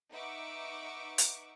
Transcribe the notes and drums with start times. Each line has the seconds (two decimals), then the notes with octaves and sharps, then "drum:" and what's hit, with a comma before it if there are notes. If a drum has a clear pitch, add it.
0.12 D#4 B4 E5 F#5 C#6 D6
1.18 drum: hi-hat